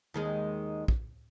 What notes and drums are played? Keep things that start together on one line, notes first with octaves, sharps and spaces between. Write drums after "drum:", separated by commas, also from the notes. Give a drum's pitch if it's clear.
D#2 D#3 G#3
drum: kick